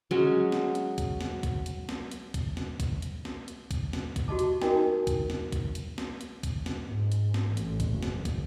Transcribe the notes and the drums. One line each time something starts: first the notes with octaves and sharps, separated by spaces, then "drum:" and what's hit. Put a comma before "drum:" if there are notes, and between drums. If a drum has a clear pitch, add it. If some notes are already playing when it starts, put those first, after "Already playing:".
F#3 G#3 C#4
drum: snare
drum: hi-hat
drum: kick, hi-hat
drum: snare
drum: kick, hi-hat
drum: hi-hat
drum: snare
drum: hi-hat
drum: kick, hi-hat
drum: snare
drum: kick, hi-hat
drum: hi-hat
drum: snare
drum: hi-hat
drum: kick, hi-hat
drum: snare
drum: kick, hi-hat
F#4 G4 D#5 A5 D6
drum: hi-hat
D#4 F#4 A#4 D#5 G5 G#5, drum: snare
D4
drum: kick, hi-hat
drum: snare
drum: kick, hi-hat
drum: hi-hat
drum: snare
drum: hi-hat
drum: kick, hi-hat
drum: snare
G#2
drum: hi-hat
drum: snare
A1
drum: hi-hat
drum: kick, hi-hat
F#1
drum: snare
drum: kick, hi-hat